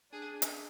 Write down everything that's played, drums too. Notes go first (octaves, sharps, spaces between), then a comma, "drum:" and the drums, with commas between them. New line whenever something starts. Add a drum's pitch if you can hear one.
D4 G#4
drum: hi-hat